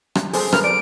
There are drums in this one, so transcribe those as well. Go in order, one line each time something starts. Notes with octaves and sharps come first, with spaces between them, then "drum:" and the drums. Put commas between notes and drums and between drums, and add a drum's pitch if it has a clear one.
drum: rim click
G#4 A4 C5, drum: open hi-hat
A#4 B4 F6, drum: rim click
D5 D7